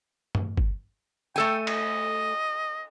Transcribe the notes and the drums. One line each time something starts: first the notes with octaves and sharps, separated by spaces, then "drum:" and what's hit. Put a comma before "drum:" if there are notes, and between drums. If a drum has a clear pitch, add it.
drum: tom G2
drum: kick G1
A3 A4 G5 G#5
D#5, drum: cymbal